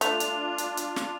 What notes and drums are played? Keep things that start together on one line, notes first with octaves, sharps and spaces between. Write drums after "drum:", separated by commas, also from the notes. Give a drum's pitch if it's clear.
A3 D4 F4 F7, drum: hi-hat
drum: hi-hat
drum: hi-hat
drum: hi-hat
drum: snare